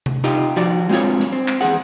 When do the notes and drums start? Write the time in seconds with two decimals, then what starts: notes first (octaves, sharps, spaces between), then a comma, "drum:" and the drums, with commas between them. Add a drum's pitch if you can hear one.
0.06 drum: tom C3
0.24 D#4 F4 G4 D#5
0.56 F3 F#4 D5
0.89 G#3 C4 F4 C#5
1.20 drum: snare
1.32 C4
1.48 drum: clap
1.61 E2 G2 G#4 F#5